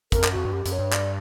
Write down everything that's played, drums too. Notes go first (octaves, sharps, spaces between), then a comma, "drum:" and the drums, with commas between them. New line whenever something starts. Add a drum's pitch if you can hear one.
F2 A#4, drum: kick, hi-hat
F#2, drum: clap
F2 F#4
G2
F#2 G4
F#2, drum: hi-hat
C#5
G2
D5, drum: clap